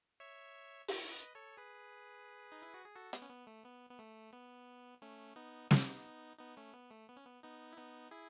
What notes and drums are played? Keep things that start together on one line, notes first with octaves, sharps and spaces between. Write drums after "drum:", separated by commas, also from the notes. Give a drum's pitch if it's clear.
C#5 E5
C#5 E5, drum: open hi-hat
E5
B4 D#5
A4 C#5
G#4 B4
D#4
E4
F#4
G#4
F#4 A4
B3, drum: hi-hat
C#4
B3
A3
B3
B3
A3
B3
A3 C#4
B3 D#4
B3 D#4, drum: snare
B3 D#4
A3 C#4
B3
A3
B3
C#4
B3
B3 D#4
E4
B3 D#4
E4 G#4